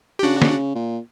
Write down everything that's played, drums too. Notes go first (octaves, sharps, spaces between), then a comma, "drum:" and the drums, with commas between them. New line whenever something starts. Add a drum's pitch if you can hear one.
G4
C#3 D4 F#4
drum: snare
A#2